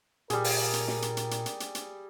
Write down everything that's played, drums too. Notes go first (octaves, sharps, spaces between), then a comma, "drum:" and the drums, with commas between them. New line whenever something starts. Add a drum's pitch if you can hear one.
A#2 G3 G#4 A#4, drum: hi-hat
drum: open hi-hat
drum: hi-hat
drum: snare
drum: hi-hat
drum: hi-hat
drum: hi-hat
drum: hi-hat
drum: hi-hat
drum: hi-hat